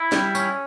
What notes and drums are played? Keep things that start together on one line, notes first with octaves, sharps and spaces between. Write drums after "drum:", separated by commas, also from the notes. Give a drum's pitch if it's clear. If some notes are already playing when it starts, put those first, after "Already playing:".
Already playing: E4
G3, drum: snare
C#4, drum: tambourine